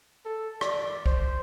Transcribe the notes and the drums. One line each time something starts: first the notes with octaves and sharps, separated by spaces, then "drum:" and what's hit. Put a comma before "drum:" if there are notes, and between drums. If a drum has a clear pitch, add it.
A4
D5, drum: rim click
C5, drum: kick